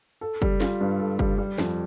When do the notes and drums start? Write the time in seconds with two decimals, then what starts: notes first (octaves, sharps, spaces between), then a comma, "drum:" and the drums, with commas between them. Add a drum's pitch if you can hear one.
0.21 A4
0.42 G3, drum: kick
0.61 F4, drum: snare
0.81 G2
0.99 A4
1.19 G3, drum: kick
1.38 G3
1.58 F2, drum: snare